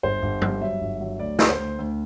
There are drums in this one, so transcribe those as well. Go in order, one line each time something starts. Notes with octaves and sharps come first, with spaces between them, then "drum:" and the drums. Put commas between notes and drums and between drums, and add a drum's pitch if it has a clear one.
G1 C5
G1
G2, drum: tom G2
F#3 E5
G1
F#3
D2 D5
D2, drum: snare
C5
D2
D2